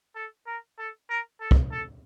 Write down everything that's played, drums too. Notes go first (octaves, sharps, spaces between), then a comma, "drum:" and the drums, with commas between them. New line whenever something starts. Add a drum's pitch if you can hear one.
A4
A#4
A4
A#4
A4
drum: kick
A4